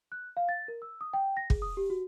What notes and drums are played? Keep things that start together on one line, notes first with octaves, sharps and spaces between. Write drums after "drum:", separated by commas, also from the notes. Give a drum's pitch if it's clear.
F#6
F5
A6
A#4
E6
D#6
G5
A#6
G#4, drum: kick
D#6
G4
F#4